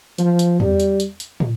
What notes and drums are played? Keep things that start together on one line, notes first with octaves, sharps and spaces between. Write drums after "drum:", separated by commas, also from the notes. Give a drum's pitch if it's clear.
F3, drum: hi-hat
drum: hi-hat
G3, drum: tom E2
drum: hi-hat
drum: hi-hat
drum: hi-hat
drum: tom